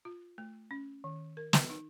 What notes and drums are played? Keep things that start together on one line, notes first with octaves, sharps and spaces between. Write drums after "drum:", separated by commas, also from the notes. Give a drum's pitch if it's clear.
F4
A3
C#4
D#3
A#4
drum: snare
D#4